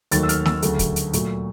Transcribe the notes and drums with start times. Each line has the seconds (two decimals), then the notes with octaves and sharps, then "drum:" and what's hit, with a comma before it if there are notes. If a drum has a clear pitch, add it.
0.11 D#2 D#3 F#3 A3 A6, drum: hi-hat
0.23 E6
0.29 F6, drum: hi-hat
0.45 E6, drum: snare
0.62 D2 C#3 F#3 A3, drum: hi-hat
0.79 drum: kick, hi-hat
0.96 drum: hi-hat
1.13 A#2 F#3 A3, drum: hi-hat